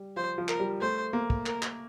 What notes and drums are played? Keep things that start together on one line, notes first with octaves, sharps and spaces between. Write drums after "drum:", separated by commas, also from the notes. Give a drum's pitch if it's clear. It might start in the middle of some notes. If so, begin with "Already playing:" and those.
Already playing: G3
F3 C5
F3
A#4, drum: clap
G3
A3 C5
A#3
drum: kick
A#4, drum: clap
drum: clap